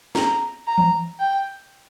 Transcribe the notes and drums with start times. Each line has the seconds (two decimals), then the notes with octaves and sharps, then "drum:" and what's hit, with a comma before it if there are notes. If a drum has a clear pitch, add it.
0.15 A#5, drum: snare
0.67 A#5
0.78 drum: tom E3
1.20 G5